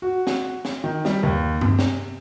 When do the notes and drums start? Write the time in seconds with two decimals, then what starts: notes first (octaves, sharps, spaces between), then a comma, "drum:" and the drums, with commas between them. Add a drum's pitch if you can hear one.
0.02 F#4
0.27 drum: snare
0.65 drum: snare
0.84 D#3
1.05 G3, drum: snare
1.23 D#2
1.61 C3, drum: tom G2
1.79 drum: snare